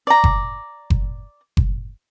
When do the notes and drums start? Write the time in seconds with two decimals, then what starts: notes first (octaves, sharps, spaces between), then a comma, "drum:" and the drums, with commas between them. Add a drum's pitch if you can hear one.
0.07 D5 A#5
0.24 drum: kick F#1
0.90 drum: kick F#1
1.57 drum: kick F#1